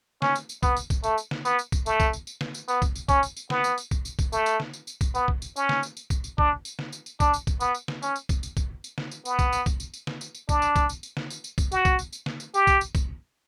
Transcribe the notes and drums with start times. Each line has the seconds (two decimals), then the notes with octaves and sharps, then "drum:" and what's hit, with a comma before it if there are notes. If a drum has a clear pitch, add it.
0.22 C#4, drum: snare
0.35 drum: tambourine
0.49 drum: tambourine
0.63 B3, drum: kick, tambourine
0.77 drum: tambourine
0.90 drum: kick, tambourine
1.04 A3, drum: tambourine
1.18 drum: tambourine
1.31 drum: snare
1.45 B3, drum: tambourine
1.59 drum: tambourine
1.72 drum: kick, tambourine
1.86 A3, drum: tambourine
2.00 drum: kick, tambourine
2.13 drum: tambourine
2.27 drum: tambourine
2.41 drum: snare
2.54 drum: tambourine
2.68 B3, drum: tambourine
2.82 drum: kick, tambourine
2.96 drum: tambourine
3.09 C#4, drum: kick, tambourine
3.23 drum: tambourine
3.37 drum: tambourine
3.50 B3, drum: snare
3.64 drum: tambourine
3.78 drum: tambourine
3.91 drum: kick, tambourine
4.05 drum: tambourine
4.19 drum: kick, tambourine
4.32 A3, drum: tambourine
4.46 drum: tambourine
4.60 drum: snare
4.73 drum: tambourine
4.87 drum: tambourine
5.01 drum: kick, tambourine
5.15 B3, drum: tambourine
5.28 drum: kick
5.42 drum: tambourine
5.56 C#4, drum: tambourine
5.69 drum: snare
5.83 drum: tambourine
5.97 drum: tambourine
6.10 drum: kick, tambourine
6.24 drum: tambourine
6.38 D4, drum: kick
6.65 drum: tambourine
6.79 drum: snare
6.92 drum: tambourine
7.06 drum: tambourine
7.20 D4, drum: kick, tambourine
7.33 drum: tambourine
7.47 drum: kick, tambourine
7.60 B3, drum: tambourine
7.75 drum: tambourine
7.88 drum: snare
8.03 C#4, drum: tambourine
8.16 drum: tambourine
8.29 drum: kick, tambourine
8.43 drum: tambourine
8.57 drum: kick, tambourine
8.84 drum: tambourine
8.98 drum: snare
9.11 drum: tambourine
9.25 B3, drum: tambourine
9.39 drum: kick, tambourine
9.52 drum: tambourine
9.66 drum: kick, tambourine
9.80 drum: tambourine
9.94 drum: tambourine
10.07 drum: snare
10.21 drum: tambourine
10.35 drum: tambourine
10.49 D4, drum: kick, tambourine
10.62 drum: tambourine
10.76 drum: kick, tambourine
10.89 drum: tambourine
11.03 drum: tambourine
11.17 drum: snare
11.30 drum: tambourine
11.44 drum: tambourine
11.58 drum: kick, tambourine
11.72 F#4, drum: tambourine
11.85 drum: kick, tambourine
11.99 drum: tambourine
12.13 drum: tambourine
12.26 drum: snare
12.40 drum: tambourine
12.54 G4, drum: tambourine
12.67 drum: kick, tambourine
12.81 drum: tambourine
12.95 drum: kick, tambourine